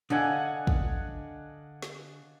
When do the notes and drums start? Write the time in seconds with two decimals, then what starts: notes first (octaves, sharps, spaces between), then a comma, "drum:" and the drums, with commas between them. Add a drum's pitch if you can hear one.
0.10 D3 D4 D#5 F5 F#5 G#5
0.67 drum: kick
1.82 drum: snare